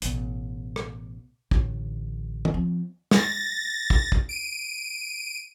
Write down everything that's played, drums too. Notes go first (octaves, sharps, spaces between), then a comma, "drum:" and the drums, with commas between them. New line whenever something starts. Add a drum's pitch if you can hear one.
A1 B2, drum: hi-hat
drum: rim click
A1 D3, drum: kick
drum: tom
F3 C4
A6 A#6, drum: snare
drum: kick
drum: kick
D7 D#7